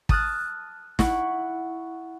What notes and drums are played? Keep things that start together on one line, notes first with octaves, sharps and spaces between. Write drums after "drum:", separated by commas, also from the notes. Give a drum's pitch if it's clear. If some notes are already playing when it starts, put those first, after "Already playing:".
A5 D#6 F6 F#6 A6, drum: kick
E4 F#5 C#6, drum: snare